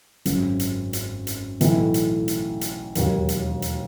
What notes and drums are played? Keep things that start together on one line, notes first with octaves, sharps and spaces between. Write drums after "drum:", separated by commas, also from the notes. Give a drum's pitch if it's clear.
G#1 F#2 C#3, drum: hi-hat
drum: hi-hat
drum: hi-hat
drum: hi-hat
B1 A2 E3 A3 E4, drum: hi-hat
drum: hi-hat
drum: hi-hat
drum: hi-hat
E1 D#2 D#3 F#3, drum: hi-hat
drum: hi-hat
drum: hi-hat